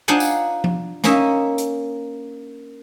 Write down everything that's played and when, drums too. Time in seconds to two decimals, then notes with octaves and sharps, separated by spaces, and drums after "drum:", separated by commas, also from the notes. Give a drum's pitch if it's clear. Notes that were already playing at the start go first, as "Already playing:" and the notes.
0.08 D4 D#4 F4 C5 F#5 G#5
0.20 drum: tambourine
0.64 drum: tom F3
1.04 A#3 C#4 D#4 E5, drum: snare
1.58 drum: hi-hat